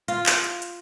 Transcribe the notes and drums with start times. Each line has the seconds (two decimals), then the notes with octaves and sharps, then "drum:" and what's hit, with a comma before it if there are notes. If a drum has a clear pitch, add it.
0.08 F4, drum: hi-hat
0.26 drum: clap
0.44 drum: hi-hat
0.62 drum: hi-hat